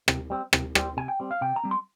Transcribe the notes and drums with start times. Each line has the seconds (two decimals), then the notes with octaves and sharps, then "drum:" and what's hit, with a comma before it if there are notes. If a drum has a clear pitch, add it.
0.08 C3, drum: rim click
0.30 G3 C4
0.53 C3, drum: rim click
0.75 G3 C4, drum: rim click
0.97 C3 G#5
1.08 G5
1.20 G3 C4
1.31 F5
1.41 C3 G5
1.56 A#5
1.64 G3 C4
1.71 C6